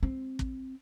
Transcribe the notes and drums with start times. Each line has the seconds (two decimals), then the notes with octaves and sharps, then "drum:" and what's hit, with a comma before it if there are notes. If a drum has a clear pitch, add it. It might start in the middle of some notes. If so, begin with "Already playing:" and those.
0.03 C4
0.39 drum: kick